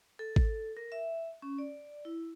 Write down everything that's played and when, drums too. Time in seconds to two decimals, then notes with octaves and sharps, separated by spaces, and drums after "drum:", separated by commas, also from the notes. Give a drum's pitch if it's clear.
0.19 A4
0.36 drum: kick G#1
0.77 A#4
0.92 E5
1.42 C#4
1.58 D5
2.05 E4